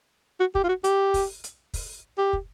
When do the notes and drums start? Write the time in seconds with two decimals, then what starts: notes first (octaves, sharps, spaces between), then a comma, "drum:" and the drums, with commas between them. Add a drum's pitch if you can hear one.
0.40 F#4
0.55 G4, drum: kick
0.64 F4
0.69 F#4
0.84 G4, drum: hi-hat
1.14 drum: kick, open hi-hat
1.44 drum: hi-hat
1.74 drum: kick, open hi-hat
2.18 G4
2.33 drum: kick